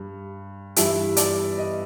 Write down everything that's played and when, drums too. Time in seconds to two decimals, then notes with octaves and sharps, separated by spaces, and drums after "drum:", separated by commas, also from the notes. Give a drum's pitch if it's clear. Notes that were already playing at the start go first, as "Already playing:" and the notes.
Already playing: G2
0.76 G2 E3 G3 E5, drum: hi-hat
1.17 D5, drum: hi-hat
1.58 D#5